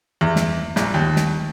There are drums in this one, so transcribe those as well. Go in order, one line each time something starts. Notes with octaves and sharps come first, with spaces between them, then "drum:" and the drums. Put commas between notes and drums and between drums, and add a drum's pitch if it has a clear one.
E2
drum: snare
A#1, drum: snare
D#2
drum: snare